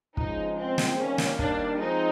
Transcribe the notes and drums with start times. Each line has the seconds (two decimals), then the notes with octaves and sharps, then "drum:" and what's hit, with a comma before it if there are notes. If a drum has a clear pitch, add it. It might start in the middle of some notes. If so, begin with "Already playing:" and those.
0.17 C#3 F3 G#3 D#4, drum: kick
0.57 C4
0.78 drum: snare
0.98 D#3 G3 A#3 C#4
1.18 drum: snare
1.39 D4, drum: kick
1.78 F3 G#3 C4 D#4